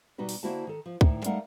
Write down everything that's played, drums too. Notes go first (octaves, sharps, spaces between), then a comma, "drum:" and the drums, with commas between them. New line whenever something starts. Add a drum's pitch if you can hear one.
B2 G3 D#4 F#4 B4
drum: open hi-hat
D3 A#3 E4 F#4 C5 A5
D#3 A4
F3
D2 A2 D#3, drum: kick C#2
G3 A3 D#4 A#4 F5 F#5, drum: hi-hat